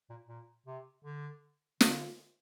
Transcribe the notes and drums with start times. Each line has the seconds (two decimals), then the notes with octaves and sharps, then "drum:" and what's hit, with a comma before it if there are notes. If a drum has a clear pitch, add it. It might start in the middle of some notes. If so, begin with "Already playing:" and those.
0.10 A#2
0.28 A#2
0.67 C3
1.04 D3
1.81 D3, drum: snare